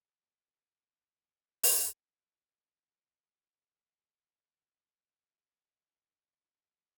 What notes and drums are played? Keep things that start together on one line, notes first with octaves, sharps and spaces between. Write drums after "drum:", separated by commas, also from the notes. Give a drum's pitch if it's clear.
G4 C5
drum: open hi-hat
A3 G#4
F#2 G3 G#3 D4 F#5